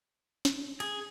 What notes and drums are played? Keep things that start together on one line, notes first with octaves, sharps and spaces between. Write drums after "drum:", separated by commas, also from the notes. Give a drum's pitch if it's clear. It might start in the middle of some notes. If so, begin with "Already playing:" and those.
drum: snare
G#4, drum: cymbal